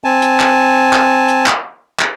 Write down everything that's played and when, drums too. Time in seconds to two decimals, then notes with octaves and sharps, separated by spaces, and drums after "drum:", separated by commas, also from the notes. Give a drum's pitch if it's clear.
0.04 C4 G#5 A5
0.22 drum: hi-hat
0.40 drum: clap
0.93 drum: clap
1.28 drum: hi-hat
1.46 drum: clap
1.99 drum: clap